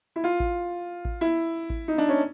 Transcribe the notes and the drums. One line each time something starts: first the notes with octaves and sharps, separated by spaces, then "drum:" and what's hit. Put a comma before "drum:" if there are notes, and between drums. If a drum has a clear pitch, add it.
E4
F4
drum: kick A1
drum: kick A1
E4
drum: kick A1
D#4
D4
C#4